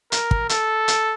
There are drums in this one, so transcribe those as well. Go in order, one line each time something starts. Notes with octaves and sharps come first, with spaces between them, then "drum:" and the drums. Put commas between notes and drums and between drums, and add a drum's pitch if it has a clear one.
A#4, drum: hi-hat
drum: kick
A4, drum: hi-hat
drum: hi-hat